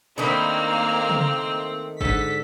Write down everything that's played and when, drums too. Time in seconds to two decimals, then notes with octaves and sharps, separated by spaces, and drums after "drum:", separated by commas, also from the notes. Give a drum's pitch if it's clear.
0.18 D#3 A3 A#3 C4 D4 D#4 B5 F6
1.10 drum: tom C#3
2.01 G#2 D3 A4 B6, drum: kick